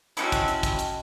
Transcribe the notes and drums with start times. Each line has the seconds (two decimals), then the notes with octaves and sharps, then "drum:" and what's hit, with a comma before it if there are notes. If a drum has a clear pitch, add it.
0.17 C4 C#4 D#4 E4 F#4 D#5 G5 A5, drum: hi-hat
0.32 drum: kick, hi-hat
0.48 drum: hi-hat
0.63 drum: kick, hi-hat
0.79 drum: hi-hat